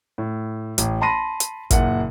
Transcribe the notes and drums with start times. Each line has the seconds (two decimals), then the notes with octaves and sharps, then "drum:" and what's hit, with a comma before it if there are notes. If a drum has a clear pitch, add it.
0.18 A2
0.78 A1, drum: hi-hat
1.01 A5 B5 C6 A#6 D#7
1.40 drum: hi-hat
1.70 F#1 A#2 F#5, drum: kick, hi-hat